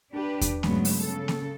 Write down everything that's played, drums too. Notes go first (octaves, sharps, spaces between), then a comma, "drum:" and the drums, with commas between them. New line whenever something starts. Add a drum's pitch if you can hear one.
D4 G4 B4
drum: kick E2, hi-hat
G2 C#3 F#3 G#3 A3 B3, drum: snare A#3
drum: open hi-hat
C#3 A4
drum: snare A#3